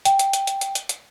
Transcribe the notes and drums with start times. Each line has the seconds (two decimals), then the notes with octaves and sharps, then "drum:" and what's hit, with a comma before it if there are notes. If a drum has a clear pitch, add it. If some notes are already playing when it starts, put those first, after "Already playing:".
0.05 G5, drum: hi-hat
0.19 drum: hi-hat
0.33 drum: hi-hat
0.47 drum: hi-hat
0.61 drum: hi-hat
0.75 drum: hi-hat
0.89 drum: hi-hat